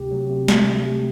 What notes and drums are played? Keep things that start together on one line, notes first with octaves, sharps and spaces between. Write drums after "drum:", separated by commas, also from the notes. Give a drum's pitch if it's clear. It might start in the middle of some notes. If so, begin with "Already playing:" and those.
Already playing: D2 C3 G4
F#3
C3
A3, drum: snare
D2
C3